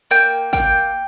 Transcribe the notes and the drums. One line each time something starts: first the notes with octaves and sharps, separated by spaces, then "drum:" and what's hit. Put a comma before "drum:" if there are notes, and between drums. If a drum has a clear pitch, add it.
A#3 G5
A#3 G5, drum: kick